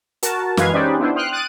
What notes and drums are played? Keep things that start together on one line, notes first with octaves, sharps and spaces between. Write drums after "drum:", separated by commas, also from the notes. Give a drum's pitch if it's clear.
F#4 A#4 A5, drum: hi-hat
F#2 E3 G#3 B4 F5 G#6, drum: snare
C#4 D#4 G4 B4 C5 D5
B3 D4 E4 B4 C5
G5 C6 D#6 F6 F#6
D#6 F#6 A6 D7 D#7